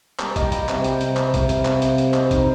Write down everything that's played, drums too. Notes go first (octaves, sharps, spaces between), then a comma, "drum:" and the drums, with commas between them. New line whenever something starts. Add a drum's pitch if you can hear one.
G3 A#4, drum: clap
D5
A#3 D#5, drum: kick A#1, hi-hat
G5
G3, drum: hi-hat
C3, drum: clap
G3 G5, drum: hi-hat
C3, drum: hi-hat
C3, drum: clap
C3, drum: kick A#1, hi-hat
C3 F5, drum: hi-hat
C3, drum: clap
C3, drum: hi-hat
C4, drum: hi-hat
C4 D#5, drum: clap
C5
D#3, drum: kick A#1, hi-hat
A#4